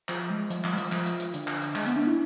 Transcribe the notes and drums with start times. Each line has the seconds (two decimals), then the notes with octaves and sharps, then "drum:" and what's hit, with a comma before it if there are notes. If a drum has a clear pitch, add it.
0.09 F3, drum: clap
0.30 G#3
0.50 F3, drum: hi-hat
0.64 F3, drum: clap
0.73 G#3
0.78 F3, drum: hi-hat
0.92 F3, drum: clap
1.06 drum: hi-hat
1.20 drum: hi-hat
1.34 D3, drum: hi-hat
1.48 drum: clap
1.62 drum: hi-hat
1.76 G#3, drum: clap
1.87 B3, drum: hi-hat
1.96 D4
2.07 E4